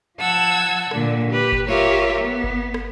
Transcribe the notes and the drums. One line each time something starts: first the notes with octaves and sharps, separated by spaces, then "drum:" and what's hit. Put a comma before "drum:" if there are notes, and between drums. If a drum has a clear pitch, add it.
F3 F#5 A5 E6 G#6
A#2 D3, drum: rim click
G4 B4
drum: kick G1
F4 G4 A#4 C#5 E5
B3
drum: kick G1
drum: rim click